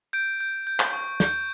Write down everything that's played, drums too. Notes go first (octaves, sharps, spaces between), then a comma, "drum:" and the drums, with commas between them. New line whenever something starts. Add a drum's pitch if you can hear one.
G6 D7
G6
G6
drum: clap
C#6
G6, drum: snare